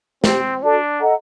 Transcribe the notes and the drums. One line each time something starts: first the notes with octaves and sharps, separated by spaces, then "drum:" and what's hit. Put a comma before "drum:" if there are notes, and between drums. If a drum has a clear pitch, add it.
C4 G4 C5 G5, drum: snare
D4 F#4 A4 D5 A5
A4 D#5 F#5 A#5